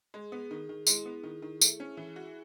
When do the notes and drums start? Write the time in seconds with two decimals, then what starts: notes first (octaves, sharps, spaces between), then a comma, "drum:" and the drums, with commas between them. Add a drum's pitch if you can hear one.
0.14 G#3 G#4
0.32 B3
0.51 D#3
0.69 D#3
0.87 G#3 E4, drum: tambourine
1.05 B3
1.23 D#3
1.42 D#3
1.61 A3, drum: tambourine
1.80 C#4
1.97 E3
2.16 F#4